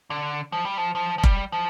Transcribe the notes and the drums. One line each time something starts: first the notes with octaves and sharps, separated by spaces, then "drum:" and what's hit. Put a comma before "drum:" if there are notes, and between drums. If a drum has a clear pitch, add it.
D3
F3
G3
F3
F3
F3
G3, drum: kick F1
F3